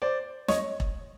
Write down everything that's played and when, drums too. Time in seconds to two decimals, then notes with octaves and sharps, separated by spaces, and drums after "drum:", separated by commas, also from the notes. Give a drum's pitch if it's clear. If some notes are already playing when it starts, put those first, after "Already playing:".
0.02 C5 D5
0.48 C#5 D#5, drum: snare
0.80 drum: kick E1